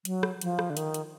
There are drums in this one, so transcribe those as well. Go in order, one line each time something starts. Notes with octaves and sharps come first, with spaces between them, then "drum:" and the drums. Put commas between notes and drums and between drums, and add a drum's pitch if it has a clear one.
F#3, drum: hi-hat
drum: rim click
F3, drum: hi-hat
drum: rim click
D3
D#3, drum: hi-hat
drum: hi-hat